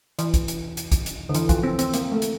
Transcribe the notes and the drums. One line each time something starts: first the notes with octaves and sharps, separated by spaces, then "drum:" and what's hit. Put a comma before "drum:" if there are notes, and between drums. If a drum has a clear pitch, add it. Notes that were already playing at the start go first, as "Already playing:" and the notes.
E3, drum: hi-hat
drum: kick, hi-hat
drum: hi-hat
drum: hi-hat
drum: kick, hi-hat
drum: hi-hat
D3
E3, drum: hi-hat
F3, drum: kick, hi-hat
C4
C4, drum: hi-hat
A#3, drum: hi-hat
A3
drum: hi-hat